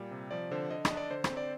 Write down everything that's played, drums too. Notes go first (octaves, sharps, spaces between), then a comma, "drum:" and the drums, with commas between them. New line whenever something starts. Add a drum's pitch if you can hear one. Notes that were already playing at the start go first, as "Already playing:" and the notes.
Already playing: A#2 G3
C3
F3 D5
D3 C5
D3 D#5
D#5, drum: rim click
D4
D5
D3 C5
C5, drum: rim click
C4
D5